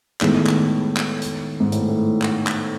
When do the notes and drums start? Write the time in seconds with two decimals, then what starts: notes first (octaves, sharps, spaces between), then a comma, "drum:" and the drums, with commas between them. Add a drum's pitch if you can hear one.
0.21 A2 D#3 G#3 B3, drum: clap
0.46 drum: clap
0.97 drum: clap
1.22 drum: hi-hat
1.60 G#2
1.72 A2, drum: hi-hat
1.88 A2
2.22 drum: clap
2.47 drum: clap